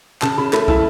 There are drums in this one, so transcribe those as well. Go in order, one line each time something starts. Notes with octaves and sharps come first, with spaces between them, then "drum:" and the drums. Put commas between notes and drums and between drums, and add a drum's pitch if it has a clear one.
C#3 A5, drum: clap
C#3 B5
A3 B5, drum: clap
E4 A5, drum: kick